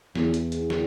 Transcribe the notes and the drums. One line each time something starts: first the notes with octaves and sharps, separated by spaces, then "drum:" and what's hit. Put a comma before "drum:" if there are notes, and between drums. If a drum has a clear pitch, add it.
E2, drum: snare
drum: hi-hat
drum: hi-hat
drum: snare